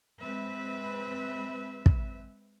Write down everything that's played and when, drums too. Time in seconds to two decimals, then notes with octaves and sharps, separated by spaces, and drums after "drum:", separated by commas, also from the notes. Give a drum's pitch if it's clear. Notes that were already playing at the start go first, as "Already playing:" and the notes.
0.19 G#3 C4 B4 E5
1.86 drum: kick